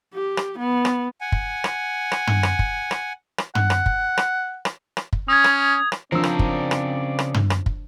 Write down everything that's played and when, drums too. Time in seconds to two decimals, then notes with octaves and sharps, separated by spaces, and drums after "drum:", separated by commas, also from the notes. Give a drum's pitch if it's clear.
0.14 G4
0.37 drum: rim click
0.59 B3
0.85 drum: rim click
1.21 F#5 G#5
1.32 drum: kick
1.64 drum: rim click
2.12 drum: rim click
2.27 drum: tom
2.43 drum: rim click
2.59 drum: kick
2.91 drum: rim click
3.38 drum: rim click
3.55 F#5, drum: tom
3.70 drum: rim click
3.86 drum: kick
4.18 drum: rim click
4.65 drum: rim click
4.97 drum: rim click
5.13 drum: kick
5.28 C#4 D#6 G#6
5.44 drum: rim click
5.92 drum: rim click
6.12 C#3 F3 C4 D4 A#4 C5 D5 E6
6.23 drum: rim click
6.39 drum: kick
6.71 drum: rim click
7.19 drum: rim click
7.34 drum: tom
7.50 drum: rim click
7.66 drum: kick